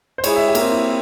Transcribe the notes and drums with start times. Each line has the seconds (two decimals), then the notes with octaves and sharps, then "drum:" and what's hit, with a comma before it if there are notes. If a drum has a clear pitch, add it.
0.18 C5
0.24 G#3 E4 G#4 C#5, drum: cymbal
0.36 E5
0.48 G4
0.55 A#3, drum: cymbal
0.61 C4
0.72 E4